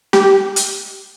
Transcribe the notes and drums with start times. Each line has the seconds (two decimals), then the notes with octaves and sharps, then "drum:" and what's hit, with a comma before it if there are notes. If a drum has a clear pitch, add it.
0.13 G4, drum: snare
0.56 drum: hi-hat